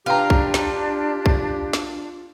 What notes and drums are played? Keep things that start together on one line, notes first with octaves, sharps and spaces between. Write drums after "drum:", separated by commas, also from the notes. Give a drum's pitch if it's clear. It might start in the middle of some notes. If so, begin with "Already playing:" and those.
D4 F4 G4 B4 G5 A#5
drum: kick
drum: snare
drum: kick
drum: snare